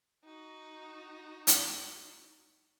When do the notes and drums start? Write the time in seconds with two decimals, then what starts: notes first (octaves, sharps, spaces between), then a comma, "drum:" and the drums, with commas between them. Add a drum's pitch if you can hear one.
0.24 D#4 F#4
1.47 drum: hi-hat